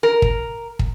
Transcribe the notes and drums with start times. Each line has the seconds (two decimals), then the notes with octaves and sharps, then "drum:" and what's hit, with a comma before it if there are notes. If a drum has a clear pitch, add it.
0.03 A#4
0.22 drum: kick
0.79 drum: kick